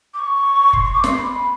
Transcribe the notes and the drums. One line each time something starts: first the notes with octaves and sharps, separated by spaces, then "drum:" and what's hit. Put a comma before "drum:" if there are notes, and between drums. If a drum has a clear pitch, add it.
D6
C#6
C6, drum: kick
C#6
D6
C6, drum: snare
B5
B5